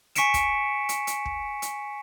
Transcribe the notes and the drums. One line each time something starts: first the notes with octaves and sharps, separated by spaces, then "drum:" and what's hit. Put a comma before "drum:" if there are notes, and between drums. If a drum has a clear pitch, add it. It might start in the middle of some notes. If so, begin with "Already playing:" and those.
G#5 C#6 B6 C#7 D7 E7, drum: hi-hat
drum: kick, hi-hat
drum: hi-hat
drum: hi-hat
drum: kick
drum: hi-hat